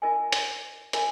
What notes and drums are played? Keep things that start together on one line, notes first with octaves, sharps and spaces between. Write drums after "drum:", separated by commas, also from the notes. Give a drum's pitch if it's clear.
F4 A#4 D#5 G#5
drum: hi-hat
F4 A#4 D#5 G#5, drum: hi-hat